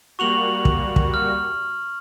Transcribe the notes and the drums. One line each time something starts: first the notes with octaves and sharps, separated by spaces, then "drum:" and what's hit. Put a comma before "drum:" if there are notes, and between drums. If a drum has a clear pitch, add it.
G3 A#3 F#4 C#6 F7 F#7
drum: kick
drum: kick
F6